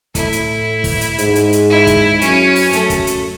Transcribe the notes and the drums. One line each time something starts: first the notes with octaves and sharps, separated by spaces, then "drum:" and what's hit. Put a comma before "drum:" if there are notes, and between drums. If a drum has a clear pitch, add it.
A2 E4, drum: kick, hi-hat
drum: hi-hat
drum: kick, open hi-hat
drum: hi-hat
G#2, drum: hi-hat
drum: hi-hat
drum: hi-hat
E4
drum: kick, hi-hat
F#2 C#4, drum: hi-hat
drum: open hi-hat
F#2 A3, drum: hi-hat
drum: kick, hi-hat
drum: hi-hat